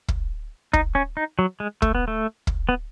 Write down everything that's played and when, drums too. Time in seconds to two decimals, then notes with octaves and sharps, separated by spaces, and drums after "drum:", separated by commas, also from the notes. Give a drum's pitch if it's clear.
0.08 drum: kick
0.73 D#4, drum: kick
0.95 C#4
1.17 D#4
1.39 F#3
1.60 G#3
1.82 A3, drum: kick
1.95 B3
2.08 A3
2.47 drum: kick
2.69 B3